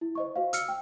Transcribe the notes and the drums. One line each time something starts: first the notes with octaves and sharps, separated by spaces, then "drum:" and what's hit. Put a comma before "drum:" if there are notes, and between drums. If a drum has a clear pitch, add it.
E4
C5 D#5 C#6
F#4 C5 F5
E6 F6 C#7, drum: hi-hat
G5